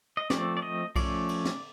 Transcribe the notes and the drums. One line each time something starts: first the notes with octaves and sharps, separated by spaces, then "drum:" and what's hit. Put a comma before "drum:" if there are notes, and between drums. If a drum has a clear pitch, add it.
D#5
F3 A3 C4 D5, drum: snare
D5
D#5
F3 A3 C#4 D5, drum: kick B1, cymbal
drum: cymbal
drum: snare